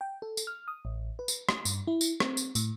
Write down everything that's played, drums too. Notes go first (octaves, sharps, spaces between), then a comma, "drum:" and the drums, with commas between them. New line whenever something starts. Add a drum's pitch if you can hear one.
G5
A4
drum: tambourine
F6
D#6
A1
B4
drum: tambourine
D#6, drum: rim click
G2, drum: tambourine
E4
drum: tambourine
C4, drum: rim click
drum: tambourine
A2, drum: tambourine